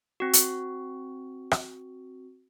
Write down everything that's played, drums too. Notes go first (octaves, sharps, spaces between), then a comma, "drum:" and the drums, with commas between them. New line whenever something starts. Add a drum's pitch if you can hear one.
C4 F#4
drum: hi-hat
drum: rim click